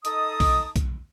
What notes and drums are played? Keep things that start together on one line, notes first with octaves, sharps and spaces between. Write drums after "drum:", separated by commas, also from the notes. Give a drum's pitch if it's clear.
D#4 A4 D#5 A5 D#6, drum: hi-hat
drum: kick B1, open hi-hat
drum: kick B1, hi-hat